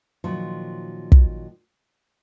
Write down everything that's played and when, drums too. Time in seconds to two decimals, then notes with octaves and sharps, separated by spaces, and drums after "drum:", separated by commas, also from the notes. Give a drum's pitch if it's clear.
0.24 A#2 D#3 F3 F#3
1.12 drum: kick